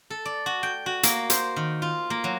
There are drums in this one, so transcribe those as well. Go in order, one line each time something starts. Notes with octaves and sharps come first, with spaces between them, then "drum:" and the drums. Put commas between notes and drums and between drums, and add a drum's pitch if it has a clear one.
A4
D5
F#4
G5
F#4
A#3, drum: hi-hat
C5, drum: hi-hat
D#3
F4
A#3
F#3